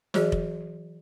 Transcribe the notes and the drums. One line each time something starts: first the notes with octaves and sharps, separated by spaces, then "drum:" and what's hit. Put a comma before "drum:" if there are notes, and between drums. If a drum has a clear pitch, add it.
E3 F#3 F#4 G#4 D5, drum: snare
drum: kick F1